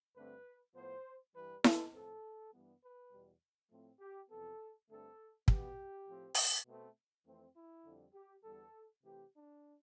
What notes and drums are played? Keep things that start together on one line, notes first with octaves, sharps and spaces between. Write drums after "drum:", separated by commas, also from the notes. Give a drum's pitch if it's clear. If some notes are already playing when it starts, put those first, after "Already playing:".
G2 D3 A3 C4 B4
A2 F3 B3 C5
G2 E3 G3 B4
A4, drum: snare E4
A2 F3 C4 A4
G2 E3 G3 B3
B4
E2 B2 G3
A2 F3 A3 C4
G4
F2 C3 E3 B3 A4
G2 D3 A3 C4 A4
B2 B3 G4, drum: kick
A2 F3 C4
drum: open hi-hat
B2 A3 C4
F2 E3 A3 C4
E4
F2 D3 G3 C4
G4
E2 D3 G3 B3 A4
C3 E3 A3 C4 G4
D4